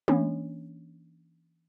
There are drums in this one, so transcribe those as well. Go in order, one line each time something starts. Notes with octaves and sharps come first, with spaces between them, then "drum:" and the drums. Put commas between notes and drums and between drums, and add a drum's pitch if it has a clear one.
E3 A#3 C#4 D4, drum: tom